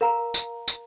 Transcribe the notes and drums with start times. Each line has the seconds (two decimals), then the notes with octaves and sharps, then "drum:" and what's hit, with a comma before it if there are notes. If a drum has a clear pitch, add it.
0.01 A#4 F5 A#5
0.34 drum: tambourine
0.68 drum: tambourine